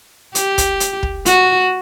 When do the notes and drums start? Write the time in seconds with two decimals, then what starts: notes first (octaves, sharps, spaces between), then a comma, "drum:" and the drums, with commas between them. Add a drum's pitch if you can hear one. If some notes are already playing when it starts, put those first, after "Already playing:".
0.35 G4, drum: hi-hat
0.58 drum: kick, hi-hat
0.80 drum: hi-hat
1.03 drum: kick
1.26 F#4, drum: hi-hat